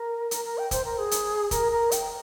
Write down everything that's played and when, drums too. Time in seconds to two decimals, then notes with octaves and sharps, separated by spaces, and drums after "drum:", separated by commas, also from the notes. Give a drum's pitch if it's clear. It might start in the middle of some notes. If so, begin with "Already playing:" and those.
Already playing: A#4
0.31 A#4, drum: hi-hat
0.45 A#4
0.58 G5
0.71 C5, drum: kick, hi-hat
0.85 A#4
0.98 G#4
1.11 drum: hi-hat
1.51 A#4, drum: kick, hi-hat
1.72 A#4
1.91 G5, drum: hi-hat